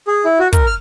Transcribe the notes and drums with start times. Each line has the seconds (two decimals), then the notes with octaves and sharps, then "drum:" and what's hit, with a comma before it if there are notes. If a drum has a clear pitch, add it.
0.07 G#4
0.25 E4
0.39 F#4
0.53 A#4, drum: kick, hi-hat
0.66 F6